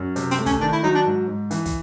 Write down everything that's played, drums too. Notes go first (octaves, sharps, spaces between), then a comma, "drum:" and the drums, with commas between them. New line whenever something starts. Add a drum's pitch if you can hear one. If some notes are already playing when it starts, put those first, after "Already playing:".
Already playing: F#2
C3, drum: hi-hat
C4, drum: hi-hat
A3
C#4, drum: kick, hi-hat
D#3 D4
E4
F#3 D#4
D4
G#2
G#2
E3, drum: hi-hat
drum: kick, hi-hat